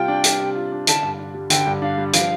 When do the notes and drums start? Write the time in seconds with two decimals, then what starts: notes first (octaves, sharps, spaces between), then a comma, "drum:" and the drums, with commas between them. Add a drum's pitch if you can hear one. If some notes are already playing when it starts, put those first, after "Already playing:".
Already playing: C3 G3 F4 G5
0.08 D4
0.24 G3, drum: hi-hat
0.40 C3
0.56 F4
0.72 D4
0.87 D3 A5, drum: hi-hat
1.03 G2
1.19 D4
1.34 G3
1.50 D3 G5, drum: hi-hat
1.66 G2
1.82 D4 F5
1.98 G3
2.13 F3 F5, drum: hi-hat